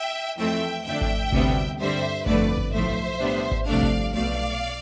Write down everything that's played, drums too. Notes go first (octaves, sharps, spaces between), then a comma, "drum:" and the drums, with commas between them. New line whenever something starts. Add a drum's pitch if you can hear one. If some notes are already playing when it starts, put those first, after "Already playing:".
Already playing: E5 G5
F2 E3 A3 C4 E5 G5
F2 D3 A3 D4 E5 G5
drum: kick G#1
D2 C3 G3 B3, drum: kick G#1
G2 D3 G3 C4 C5 E5
G1 F2 D3 A3 B4 D5, drum: kick G#1
drum: kick G#1
B1 A2 F3 A3 C5 E5
A2 G3 B3 D4
drum: kick G#1
C2 C3 F3 A3 D4 D5 F5
drum: kick G#1
B1 B2 A3 D5 F5